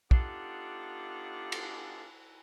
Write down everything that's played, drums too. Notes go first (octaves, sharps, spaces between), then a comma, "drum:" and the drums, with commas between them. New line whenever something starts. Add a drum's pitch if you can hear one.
B3 D4 D#4 F4 G4 A4, drum: kick
drum: cymbal